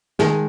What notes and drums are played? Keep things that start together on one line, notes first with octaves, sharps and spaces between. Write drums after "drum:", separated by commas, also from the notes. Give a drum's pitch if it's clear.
D#3 G#3, drum: snare